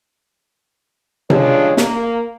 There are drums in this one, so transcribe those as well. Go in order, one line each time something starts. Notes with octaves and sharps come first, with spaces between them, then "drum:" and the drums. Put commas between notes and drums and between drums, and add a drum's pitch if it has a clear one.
G2 C#3 F3 G#3 D4 C#5, drum: tom C3
A#3, drum: snare